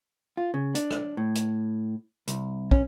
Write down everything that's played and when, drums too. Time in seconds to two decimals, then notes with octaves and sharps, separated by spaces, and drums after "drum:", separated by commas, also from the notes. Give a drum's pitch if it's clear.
0.37 F4
0.54 C#3
0.75 D4, drum: hi-hat
0.91 drum: rim click
1.17 A2
1.35 drum: hi-hat
2.28 C2, drum: hi-hat
2.71 C#4, drum: kick